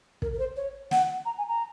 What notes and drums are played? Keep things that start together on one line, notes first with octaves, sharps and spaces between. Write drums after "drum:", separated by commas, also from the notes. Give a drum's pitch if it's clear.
A#4, drum: kick
A#4
C5
C#5
F#5, drum: snare
A#5
G#5
A#5